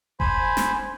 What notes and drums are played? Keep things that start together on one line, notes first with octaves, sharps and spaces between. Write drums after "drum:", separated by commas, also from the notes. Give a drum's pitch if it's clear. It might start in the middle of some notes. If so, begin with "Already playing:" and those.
C5 G#5 B5, drum: kick F#1
drum: snare